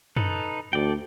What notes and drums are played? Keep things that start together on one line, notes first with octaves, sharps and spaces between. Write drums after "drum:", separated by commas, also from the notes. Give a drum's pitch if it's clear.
D#4 A4 B4, drum: tom F#2
D2 A4 D5 G5